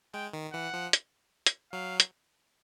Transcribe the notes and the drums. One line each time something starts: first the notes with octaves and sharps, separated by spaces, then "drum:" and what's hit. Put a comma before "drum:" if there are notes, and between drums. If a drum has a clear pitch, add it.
G#3 G5
D#3
E3 F#5
F3
drum: hi-hat
drum: hi-hat
F#3 F5
drum: hi-hat